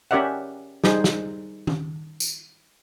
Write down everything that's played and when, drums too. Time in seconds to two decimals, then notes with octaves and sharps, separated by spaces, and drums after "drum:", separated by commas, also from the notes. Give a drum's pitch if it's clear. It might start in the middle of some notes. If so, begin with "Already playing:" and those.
0.11 C#4 G4 A#4 D5 E5 F#5
0.84 G3 D#4 G#4 C5, drum: snare
1.04 drum: snare
1.67 drum: tom D#3
2.20 drum: tambourine